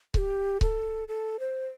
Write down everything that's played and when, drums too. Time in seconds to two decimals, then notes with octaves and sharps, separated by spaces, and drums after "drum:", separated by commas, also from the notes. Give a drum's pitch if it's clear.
0.14 A4, drum: kick C#1
0.18 G4
0.61 A4, drum: kick C#1
1.08 A4
1.40 C5